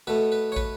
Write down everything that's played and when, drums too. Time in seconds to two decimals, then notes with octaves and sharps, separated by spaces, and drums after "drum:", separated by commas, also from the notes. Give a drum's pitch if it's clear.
0.07 B2 A3 B4
0.32 B4
0.52 C#5
0.56 B4, drum: kick